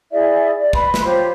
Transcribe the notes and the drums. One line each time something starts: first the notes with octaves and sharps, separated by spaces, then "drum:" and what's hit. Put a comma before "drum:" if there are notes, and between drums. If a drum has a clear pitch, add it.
E4 G#4 D5 E5
D5
B4 D#5 B5 C6, drum: kick
drum: snare
F4 G4 C5 C#5